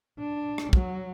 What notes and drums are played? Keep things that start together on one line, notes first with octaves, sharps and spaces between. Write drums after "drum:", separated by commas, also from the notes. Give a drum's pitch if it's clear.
D4
drum: rim click
F#3, drum: kick